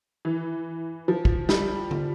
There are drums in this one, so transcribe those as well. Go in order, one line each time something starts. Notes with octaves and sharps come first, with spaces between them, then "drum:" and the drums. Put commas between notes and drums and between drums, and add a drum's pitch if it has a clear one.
E3
F3
drum: kick
G3, drum: snare
drum: tom D3